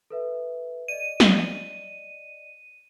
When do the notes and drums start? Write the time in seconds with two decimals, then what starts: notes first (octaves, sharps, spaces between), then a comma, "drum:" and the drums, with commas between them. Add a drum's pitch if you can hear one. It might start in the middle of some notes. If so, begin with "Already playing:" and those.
0.10 A4 B4 E5
0.88 D5 D#5 D#7
1.20 drum: snare